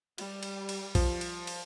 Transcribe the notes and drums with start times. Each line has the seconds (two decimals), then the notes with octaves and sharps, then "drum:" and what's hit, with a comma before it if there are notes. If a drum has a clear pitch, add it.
0.18 G3, drum: cymbal
0.43 drum: cymbal
0.69 drum: cymbal
0.95 F3, drum: kick, cymbal
1.21 drum: cymbal
1.47 drum: cymbal